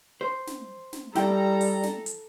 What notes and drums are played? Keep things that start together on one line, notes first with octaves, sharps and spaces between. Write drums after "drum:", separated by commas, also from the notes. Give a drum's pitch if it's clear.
C5
drum: snare
drum: snare
G3 E4 A4 G5 A#5, drum: snare
drum: open hi-hat
drum: snare
drum: hi-hat